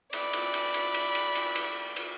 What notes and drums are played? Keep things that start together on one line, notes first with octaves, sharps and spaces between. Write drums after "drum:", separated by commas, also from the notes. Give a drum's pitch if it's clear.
D5 B5, drum: cymbal
drum: cymbal
drum: cymbal
drum: cymbal
drum: cymbal
drum: cymbal
drum: cymbal
drum: cymbal
drum: cymbal